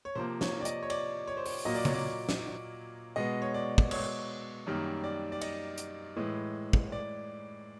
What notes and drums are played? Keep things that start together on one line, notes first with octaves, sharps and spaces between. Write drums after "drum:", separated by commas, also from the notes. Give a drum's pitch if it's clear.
C#5
C3 F3 A#3 C5
C#5, drum: snare
D5
D#5, drum: hi-hat
C#5
D5, drum: cymbal
C#5
C5
C#5, drum: open hi-hat
A#2 F#3 A#3 D#5
D5
C#5, drum: tom C#3
D5
drum: snare
B2 G#3 B3 D#5
C#5
D5
drum: kick
C#5, drum: cymbal
F#2 D#3 G3 A#3
D5
D5
D#5, drum: cymbal
drum: hi-hat
A2 E3 G#3
drum: kick
D5